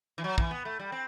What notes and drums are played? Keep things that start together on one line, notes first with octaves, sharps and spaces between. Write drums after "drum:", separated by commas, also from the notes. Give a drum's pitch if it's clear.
E3
F#3
E3, drum: kick
B3
A3
G3
C4